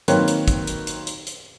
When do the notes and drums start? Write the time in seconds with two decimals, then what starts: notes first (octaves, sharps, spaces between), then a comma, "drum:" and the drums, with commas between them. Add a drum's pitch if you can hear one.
0.08 D#3 F#3 A#3 C4 B4 C#5, drum: hi-hat
0.28 drum: hi-hat
0.48 drum: kick, hi-hat
0.67 drum: hi-hat
0.87 drum: hi-hat
1.07 drum: hi-hat
1.27 drum: hi-hat